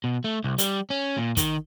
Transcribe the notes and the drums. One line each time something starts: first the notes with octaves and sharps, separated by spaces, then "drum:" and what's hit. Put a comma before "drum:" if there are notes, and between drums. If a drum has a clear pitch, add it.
B2
A3
C2
G3, drum: hi-hat
C#4
A#2
D#3, drum: kick, hi-hat